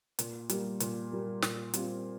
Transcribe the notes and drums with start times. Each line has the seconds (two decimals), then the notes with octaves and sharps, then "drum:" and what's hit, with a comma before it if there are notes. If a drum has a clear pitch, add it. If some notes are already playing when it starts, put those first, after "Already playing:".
0.19 A#2, drum: hi-hat
0.49 G3 A#3, drum: hi-hat
0.80 A#2, drum: hi-hat
1.12 G3 A#3
1.42 A#2, drum: snare
1.74 G3 C4 F4, drum: hi-hat